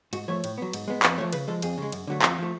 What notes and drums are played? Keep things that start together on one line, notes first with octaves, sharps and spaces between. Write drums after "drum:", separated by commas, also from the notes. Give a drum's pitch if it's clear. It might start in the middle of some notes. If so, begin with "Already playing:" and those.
G#2 F#4, drum: cymbal
F3 A3 C#5
A2, drum: cymbal
F#3 B3
G#2, drum: cymbal
G#3 B3
F2 B4, drum: clap
F3 A3 C#5
C#3 B4, drum: cymbal
F3 G#3 A4
F2 G#4, drum: cymbal
C#3 G#3
F#2, drum: cymbal
D3 F#3 A3
F2 F4, drum: clap
F3 A3